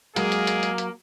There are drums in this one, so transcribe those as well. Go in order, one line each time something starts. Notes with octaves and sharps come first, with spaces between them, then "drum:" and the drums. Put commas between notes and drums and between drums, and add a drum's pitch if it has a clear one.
F#3 G#3 A#3 G#4, drum: hi-hat
drum: hi-hat
drum: hi-hat
drum: hi-hat
drum: hi-hat